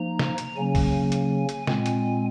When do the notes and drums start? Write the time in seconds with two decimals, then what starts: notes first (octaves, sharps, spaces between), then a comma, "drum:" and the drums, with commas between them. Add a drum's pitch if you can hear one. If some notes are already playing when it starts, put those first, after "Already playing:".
Already playing: F3 A#3 D#4 A#5
0.19 drum: snare
0.38 drum: hi-hat
0.57 C#3 F#3 A#3 C#4 G#5
0.75 drum: kick, open hi-hat
1.12 drum: hi-hat
1.49 drum: hi-hat
1.67 A#2 G#3 C4 G#5, drum: snare
1.86 drum: hi-hat